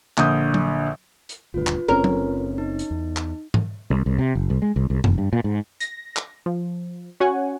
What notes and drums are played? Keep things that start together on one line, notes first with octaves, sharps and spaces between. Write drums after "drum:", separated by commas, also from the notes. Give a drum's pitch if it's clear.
A#1 D3 D#6 G6, drum: clap
drum: tom F#3
drum: hi-hat
D#1 D2 G2 F4 B4
drum: clap
F#1 C4 C#4 A#4
drum: tom F#3
D#4
drum: hi-hat
E2
drum: clap
drum: tom G#2
C2
C2
C3
F#1
C2
G#3
C2
C2
F1, drum: tom F#2
G2
A#2
G#2
A#6, drum: hi-hat
drum: clap
F3
C#4 F#4 C#5 F#5 G#5